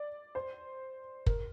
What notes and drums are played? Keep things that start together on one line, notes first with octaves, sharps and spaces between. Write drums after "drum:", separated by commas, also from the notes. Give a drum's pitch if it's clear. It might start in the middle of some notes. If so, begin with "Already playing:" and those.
Already playing: D5
C5
A#4, drum: kick